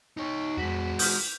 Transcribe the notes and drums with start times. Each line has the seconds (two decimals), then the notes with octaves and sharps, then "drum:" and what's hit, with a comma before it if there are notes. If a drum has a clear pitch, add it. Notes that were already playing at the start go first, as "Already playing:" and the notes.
0.17 D#4 C#5
0.57 F2 G#3 F#4 B6
0.99 D#6 F6 G6, drum: open hi-hat